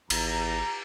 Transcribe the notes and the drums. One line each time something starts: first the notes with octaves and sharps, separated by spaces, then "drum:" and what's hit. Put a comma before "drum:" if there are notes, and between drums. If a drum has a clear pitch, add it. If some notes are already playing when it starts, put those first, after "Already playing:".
G#1 E2 A#5, drum: cymbal